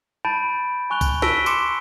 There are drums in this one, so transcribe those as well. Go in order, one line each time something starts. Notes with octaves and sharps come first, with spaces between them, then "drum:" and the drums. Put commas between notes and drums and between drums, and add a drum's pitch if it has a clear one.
A5 B5 G6 A6 D7
G#5 C#6 F#6 F7 G7
drum: kick C2, tambourine
A5 E6 A#6 B6 D7 G7, drum: snare
C6 D6 C#7 E7, drum: tambourine